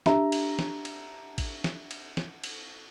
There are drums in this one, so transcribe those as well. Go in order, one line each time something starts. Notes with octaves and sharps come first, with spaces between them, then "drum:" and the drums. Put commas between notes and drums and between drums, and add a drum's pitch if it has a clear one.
D4 G4 E5 A#5, drum: snare
drum: cymbal
drum: snare
drum: cymbal
drum: kick A1, cymbal
drum: snare
drum: cymbal
drum: snare
drum: cymbal